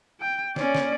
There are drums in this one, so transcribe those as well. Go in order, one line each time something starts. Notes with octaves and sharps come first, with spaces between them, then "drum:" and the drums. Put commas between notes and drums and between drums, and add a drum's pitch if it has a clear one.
G5
C#4 D5, drum: snare
drum: snare